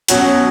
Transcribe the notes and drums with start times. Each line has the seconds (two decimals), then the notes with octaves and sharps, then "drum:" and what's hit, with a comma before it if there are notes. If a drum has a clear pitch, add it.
0.08 B2 F#3 C#4 F#4, drum: hi-hat